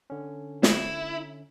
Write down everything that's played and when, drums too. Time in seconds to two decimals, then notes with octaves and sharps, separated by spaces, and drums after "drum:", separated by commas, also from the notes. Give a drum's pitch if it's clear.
0.10 D3 C#4
0.63 E4, drum: snare